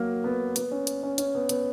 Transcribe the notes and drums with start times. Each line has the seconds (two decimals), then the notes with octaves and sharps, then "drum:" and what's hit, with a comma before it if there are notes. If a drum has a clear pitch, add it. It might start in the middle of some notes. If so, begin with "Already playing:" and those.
Already playing: F#3 A#3
0.24 B3
0.56 B3, drum: hi-hat
0.71 C#4
0.87 drum: hi-hat
1.03 C#4
1.18 C#4, drum: hi-hat
1.35 B3
1.49 B3, drum: hi-hat